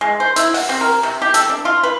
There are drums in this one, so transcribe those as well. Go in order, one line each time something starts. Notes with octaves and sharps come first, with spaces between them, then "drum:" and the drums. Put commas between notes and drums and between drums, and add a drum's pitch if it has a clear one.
G#3
C5
E4, drum: hi-hat
F#5, drum: open hi-hat
C4
A#4
C3
G4
A4, drum: hi-hat
D4
F4
B4